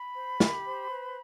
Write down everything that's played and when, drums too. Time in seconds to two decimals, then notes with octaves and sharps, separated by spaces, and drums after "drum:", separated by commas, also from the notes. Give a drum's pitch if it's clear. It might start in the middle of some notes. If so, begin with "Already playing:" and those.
Already playing: B5
0.16 C5
0.40 G4, drum: snare
0.66 C5
0.90 B4